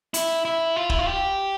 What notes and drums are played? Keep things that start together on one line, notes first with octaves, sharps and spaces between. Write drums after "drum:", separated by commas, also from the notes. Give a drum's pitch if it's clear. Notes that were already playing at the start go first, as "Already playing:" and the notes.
E4, drum: hi-hat
E4
F4
E4, drum: kick
F4
G4